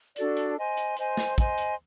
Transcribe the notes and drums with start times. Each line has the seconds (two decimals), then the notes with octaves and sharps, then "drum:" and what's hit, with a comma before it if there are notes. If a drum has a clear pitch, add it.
0.16 D4 F#4 A4 D5, drum: hi-hat
0.37 drum: hi-hat
0.57 C5 D#5 G#5 C6
0.77 drum: hi-hat
0.97 C5 D#5 G#5 C6, drum: hi-hat
1.17 drum: snare
1.38 C5 D#5 G#5 C6, drum: kick, hi-hat
1.58 drum: hi-hat